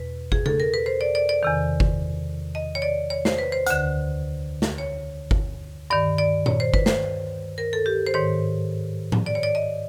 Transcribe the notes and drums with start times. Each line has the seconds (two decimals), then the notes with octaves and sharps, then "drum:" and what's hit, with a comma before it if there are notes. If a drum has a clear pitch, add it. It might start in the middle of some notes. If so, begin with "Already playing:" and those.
Already playing: E2 B2 B4
0.32 G#4, drum: kick G1
0.46 A4, drum: tom C#3
0.60 A#4
0.74 B4
0.86 C5
1.01 D5
1.15 D5
1.29 D5
1.43 E2 C3 D#3
1.80 drum: kick G1
2.55 D#5
2.75 C#5
2.82 D5
3.10 C#5
3.25 C5, drum: snare
3.39 B4
3.52 C5
3.67 D2 D3, drum: hi-hat
4.62 drum: snare
4.78 C#5
5.31 drum: kick G1
5.90 G2 D#3 D5
6.18 D5
6.46 C#5, drum: tom A#2
6.60 C5
6.74 B4, drum: kick G1
6.86 C5, drum: snare
7.58 A#4
7.73 A4
7.86 G4
8.07 C5
8.14 G#2 D#3 C#5
9.12 drum: tom A2
9.26 D5
9.35 C#5
9.43 D5
9.55 D#5